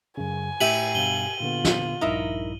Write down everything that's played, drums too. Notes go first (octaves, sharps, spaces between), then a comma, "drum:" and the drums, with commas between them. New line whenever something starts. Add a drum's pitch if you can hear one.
F#2 C#3 G#5
A2 G4 E5 D#7 F#7, drum: cymbal
G2 B2 F5 G7
A#2 D3 B3 F4
drum: snare
A#1 G2 D#4 E4 A#4 E5